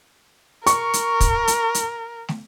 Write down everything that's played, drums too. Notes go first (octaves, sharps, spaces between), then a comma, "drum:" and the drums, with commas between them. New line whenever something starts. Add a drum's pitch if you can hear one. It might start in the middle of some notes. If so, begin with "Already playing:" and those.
A#4 C#6, drum: hi-hat
drum: hi-hat
drum: kick, hi-hat
drum: hi-hat
drum: hi-hat
drum: snare